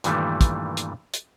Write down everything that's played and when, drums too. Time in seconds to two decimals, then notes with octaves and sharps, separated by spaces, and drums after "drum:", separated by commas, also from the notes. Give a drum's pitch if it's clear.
0.04 G2 A#2 D#3 E3 G3 A3, drum: hi-hat
0.41 drum: kick, hi-hat
0.77 drum: hi-hat
1.14 drum: hi-hat